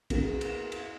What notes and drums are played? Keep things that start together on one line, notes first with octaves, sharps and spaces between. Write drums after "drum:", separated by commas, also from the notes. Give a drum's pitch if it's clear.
A#3 B3 F#4 G#4 A#4, drum: kick, cymbal
drum: cymbal
drum: cymbal